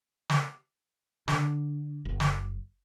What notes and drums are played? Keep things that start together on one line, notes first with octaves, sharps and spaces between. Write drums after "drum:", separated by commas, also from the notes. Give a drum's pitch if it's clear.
drum: snare
D3, drum: snare
F#1
drum: snare